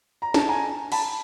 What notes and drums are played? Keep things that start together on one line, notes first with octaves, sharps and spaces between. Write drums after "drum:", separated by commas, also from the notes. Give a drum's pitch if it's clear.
A#5
A5, drum: snare
G#5 A#5
A5 B5, drum: cymbal